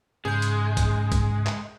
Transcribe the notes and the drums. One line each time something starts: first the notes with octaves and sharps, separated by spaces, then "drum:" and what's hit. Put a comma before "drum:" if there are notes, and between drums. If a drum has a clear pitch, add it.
G#2 C#3 G#3 G#4 G6
drum: hi-hat
drum: kick, hi-hat
drum: kick, hi-hat
drum: clap